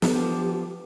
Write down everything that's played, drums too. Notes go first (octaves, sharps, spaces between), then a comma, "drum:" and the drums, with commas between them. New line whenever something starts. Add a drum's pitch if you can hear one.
B3 F#4 G4 A4, drum: snare
F3 B3 D4